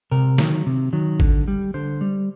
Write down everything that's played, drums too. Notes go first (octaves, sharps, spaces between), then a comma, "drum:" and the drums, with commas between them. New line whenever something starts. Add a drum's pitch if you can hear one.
C3 A#4
D#3 F#3, drum: snare
C3
D#3 F#3
D3, drum: kick
G3
D3 C5
G3